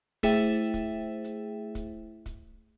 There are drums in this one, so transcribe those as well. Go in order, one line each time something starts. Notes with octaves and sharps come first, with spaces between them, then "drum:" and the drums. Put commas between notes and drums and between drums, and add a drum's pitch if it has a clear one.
A3 E4 G#4 C5 E5 G5, drum: kick
drum: kick, hi-hat
drum: hi-hat
drum: kick, hi-hat
drum: kick, hi-hat